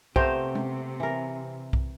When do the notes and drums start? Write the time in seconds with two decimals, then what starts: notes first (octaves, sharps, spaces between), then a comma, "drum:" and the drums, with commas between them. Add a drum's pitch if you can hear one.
0.16 C3 A3 B3 G4 A#4 C5, drum: kick B1
0.55 drum: tom G#3
1.00 E3 A#4
1.73 drum: kick B1